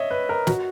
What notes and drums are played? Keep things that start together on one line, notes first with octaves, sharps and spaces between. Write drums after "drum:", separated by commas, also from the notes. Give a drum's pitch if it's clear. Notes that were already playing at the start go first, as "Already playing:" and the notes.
Already playing: C#5 D#5 E5
B4
A#4
F#4, drum: snare